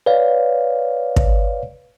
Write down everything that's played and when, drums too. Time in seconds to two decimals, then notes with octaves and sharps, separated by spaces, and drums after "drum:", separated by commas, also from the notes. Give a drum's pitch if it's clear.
0.06 B4 C#5 D5 F5
1.16 drum: kick